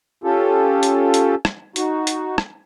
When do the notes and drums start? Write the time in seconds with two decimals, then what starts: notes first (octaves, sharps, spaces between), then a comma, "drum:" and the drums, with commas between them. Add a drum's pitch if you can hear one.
0.24 C#4 F4 G4 A4
0.83 drum: hi-hat
1.14 drum: hi-hat
1.45 drum: rim click
1.76 D#4 F#4, drum: hi-hat
2.07 drum: hi-hat
2.38 drum: rim click